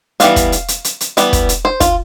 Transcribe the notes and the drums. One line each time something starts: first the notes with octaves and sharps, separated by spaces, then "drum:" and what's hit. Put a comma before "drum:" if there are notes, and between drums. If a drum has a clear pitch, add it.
E3 G3 B3 F5, drum: hi-hat
drum: kick, hi-hat
drum: hi-hat
drum: hi-hat
drum: hi-hat
drum: hi-hat
E3 G3 B3, drum: hi-hat
drum: kick, hi-hat
drum: hi-hat
C5
F4, drum: kick, hi-hat